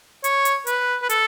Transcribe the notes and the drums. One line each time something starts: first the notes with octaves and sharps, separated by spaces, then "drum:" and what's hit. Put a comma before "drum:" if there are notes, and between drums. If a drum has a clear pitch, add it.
C#5, drum: hi-hat
drum: hi-hat
B4, drum: hi-hat
B4
A4, drum: hi-hat